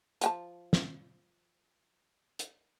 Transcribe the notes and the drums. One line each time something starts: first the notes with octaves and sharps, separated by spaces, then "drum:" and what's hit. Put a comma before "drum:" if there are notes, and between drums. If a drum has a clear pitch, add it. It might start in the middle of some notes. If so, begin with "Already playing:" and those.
F3 G5 A5, drum: hi-hat
drum: snare
drum: hi-hat